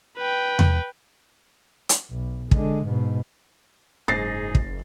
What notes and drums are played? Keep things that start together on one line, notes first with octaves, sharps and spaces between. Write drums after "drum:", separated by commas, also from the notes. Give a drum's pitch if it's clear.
B4 G5
drum: tom E2
drum: hi-hat
B1
D3 G#3, drum: kick
G#2 B2
F#1 G#2 D#4 G#4 A6 A#6 C7
drum: kick